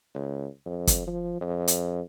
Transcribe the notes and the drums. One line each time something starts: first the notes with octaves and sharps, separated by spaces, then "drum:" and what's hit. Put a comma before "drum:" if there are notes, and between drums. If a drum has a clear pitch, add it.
C#2
F2
drum: kick, hi-hat
F3
F2
drum: hi-hat